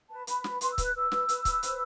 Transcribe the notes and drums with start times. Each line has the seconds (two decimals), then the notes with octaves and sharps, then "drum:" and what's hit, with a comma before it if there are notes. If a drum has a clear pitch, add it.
0.10 B4 A5
0.27 B4 B5, drum: hi-hat
0.44 B4, drum: snare
0.61 B4 C6, drum: hi-hat
0.72 E6
0.78 B4, drum: kick C#1, hi-hat
0.83 F#6
0.95 B4 E6
1.12 B4, drum: snare
1.29 B4, drum: hi-hat
1.45 B4, drum: kick C#1, hi-hat
1.63 C5, drum: hi-hat